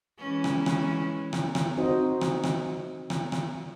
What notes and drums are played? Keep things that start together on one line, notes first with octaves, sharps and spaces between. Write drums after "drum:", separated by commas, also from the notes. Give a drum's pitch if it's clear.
E3 G#3 C#4
drum: rim click
drum: rim click
drum: rim click
drum: rim click
C4 D#4 F#4 C5 D#5
drum: rim click
drum: rim click
drum: rim click
drum: rim click